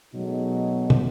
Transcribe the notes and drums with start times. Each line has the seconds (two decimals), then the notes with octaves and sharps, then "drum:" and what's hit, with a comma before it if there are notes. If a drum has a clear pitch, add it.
0.14 B2 F#3 G#3 A3 D#4
0.90 drum: tom